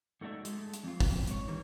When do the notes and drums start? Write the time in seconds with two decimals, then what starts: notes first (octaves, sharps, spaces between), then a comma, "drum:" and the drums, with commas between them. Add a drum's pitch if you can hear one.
0.21 G#2 A3 D#4 F#4 D5 E5
0.45 G#3 A3, drum: hi-hat
0.74 drum: hi-hat
0.84 F2 F4
1.00 drum: kick, open hi-hat
1.27 G#2 C#5, drum: hi-hat
1.48 D#3 E3 G3